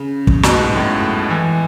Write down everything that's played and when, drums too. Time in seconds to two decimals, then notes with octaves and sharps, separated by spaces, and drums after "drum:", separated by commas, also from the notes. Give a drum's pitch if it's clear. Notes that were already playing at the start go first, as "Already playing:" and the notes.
Already playing: C#3
0.27 drum: kick
0.43 B2, drum: snare
0.54 G#2
0.65 F#2
0.76 A2
1.30 E3